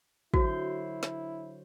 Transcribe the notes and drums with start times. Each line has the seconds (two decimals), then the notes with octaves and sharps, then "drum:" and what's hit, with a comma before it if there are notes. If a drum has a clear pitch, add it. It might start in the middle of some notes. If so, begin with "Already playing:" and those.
0.34 D3 F#3 E4 F#4 C5, drum: kick
1.03 drum: snare